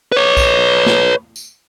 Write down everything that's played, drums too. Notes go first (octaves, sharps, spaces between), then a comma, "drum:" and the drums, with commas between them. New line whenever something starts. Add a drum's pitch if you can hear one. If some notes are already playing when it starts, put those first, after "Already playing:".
B4 C#5
drum: kick B1, tambourine
drum: snare
drum: tambourine